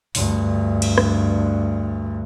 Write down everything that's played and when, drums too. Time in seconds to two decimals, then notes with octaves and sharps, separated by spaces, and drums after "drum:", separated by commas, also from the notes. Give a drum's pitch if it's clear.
0.15 D2 G2, drum: open hi-hat
0.82 drum: cymbal
0.98 drum: rim click